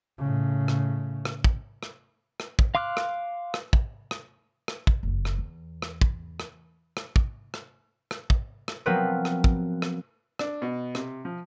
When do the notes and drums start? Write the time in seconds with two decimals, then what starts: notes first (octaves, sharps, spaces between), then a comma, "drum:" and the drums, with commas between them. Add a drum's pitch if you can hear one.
0.19 A2 C#3
0.68 drum: rim click
1.25 drum: rim click
1.44 drum: kick
1.83 drum: rim click
2.40 drum: rim click
2.59 drum: kick
2.75 F5 C6 D6 F6 F#6
2.97 drum: rim click
3.54 drum: rim click
3.73 drum: kick
4.11 drum: rim click
4.68 drum: rim click
4.87 drum: kick
5.03 F#1 F2
5.25 drum: rim click
5.38 E2
5.82 drum: rim click
6.01 drum: kick
6.40 drum: rim click
6.97 drum: rim click
7.16 drum: kick
7.54 drum: rim click
8.11 drum: rim click
8.30 drum: kick
8.68 drum: rim click
8.86 F3 F#3 B3 C4 A#4 B4
9.25 drum: rim click
9.44 drum: kick
9.82 drum: rim click
10.39 D4, drum: rim click
10.62 B2
10.95 C3, drum: rim click
11.25 F3